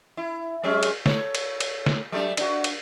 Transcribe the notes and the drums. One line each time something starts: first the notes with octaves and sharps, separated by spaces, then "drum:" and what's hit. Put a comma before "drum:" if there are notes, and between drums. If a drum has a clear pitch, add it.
E4
F#3 G#3 C#4
drum: cymbal
A4 C#5, drum: snare
drum: cymbal
drum: cymbal
drum: snare
F#3 A3 D4
D4 F#4, drum: cymbal
drum: cymbal